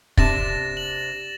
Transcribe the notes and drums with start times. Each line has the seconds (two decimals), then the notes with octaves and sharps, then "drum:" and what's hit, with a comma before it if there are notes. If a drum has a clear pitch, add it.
0.17 C3 D4 A6 A#6 E7, drum: kick
0.77 F#7